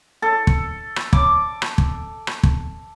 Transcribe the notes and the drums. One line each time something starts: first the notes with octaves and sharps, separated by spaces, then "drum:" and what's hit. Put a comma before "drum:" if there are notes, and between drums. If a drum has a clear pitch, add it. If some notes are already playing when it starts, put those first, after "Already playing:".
A4
drum: kick
drum: rim click
D6, drum: kick
drum: rim click
drum: kick
drum: rim click
drum: kick